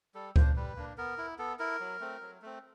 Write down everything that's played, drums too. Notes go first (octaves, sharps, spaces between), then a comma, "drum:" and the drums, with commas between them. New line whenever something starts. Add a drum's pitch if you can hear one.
G3 A4
A#3 D4 C5, drum: kick C#2
G3 B4
A#3 D4
B3 A#4
E4
B3 A4
E4 A#4
F#3
A3 C4
F#3
A3 C4